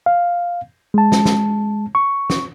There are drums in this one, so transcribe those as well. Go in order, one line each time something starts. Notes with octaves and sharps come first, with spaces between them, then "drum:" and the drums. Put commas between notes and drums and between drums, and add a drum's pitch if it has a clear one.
F5
G#3 A5
drum: snare
drum: snare
C#6
drum: snare